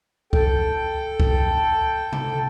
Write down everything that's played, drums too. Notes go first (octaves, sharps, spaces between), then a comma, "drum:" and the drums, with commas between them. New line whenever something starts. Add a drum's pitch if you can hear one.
A4 G5, drum: kick C2
drum: kick C2
drum: tom C3